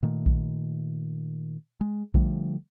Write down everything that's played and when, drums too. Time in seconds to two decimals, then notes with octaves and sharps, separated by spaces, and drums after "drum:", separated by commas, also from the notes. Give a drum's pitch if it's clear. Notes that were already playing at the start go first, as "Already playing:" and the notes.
0.03 A#2 D#3 A3
0.26 drum: kick A#1
1.81 G#3
2.14 D3 F3 G3 A3, drum: kick A#1